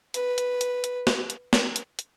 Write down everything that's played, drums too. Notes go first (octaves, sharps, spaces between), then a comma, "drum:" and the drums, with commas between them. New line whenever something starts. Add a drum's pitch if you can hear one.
B4, drum: hi-hat
drum: hi-hat
drum: hi-hat
drum: hi-hat
drum: snare
drum: hi-hat
drum: snare
drum: hi-hat
drum: hi-hat